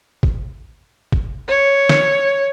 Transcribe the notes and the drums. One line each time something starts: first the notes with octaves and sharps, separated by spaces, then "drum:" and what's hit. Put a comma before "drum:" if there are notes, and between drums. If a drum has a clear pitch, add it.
drum: kick G#1
drum: kick G#1
C#5
drum: snare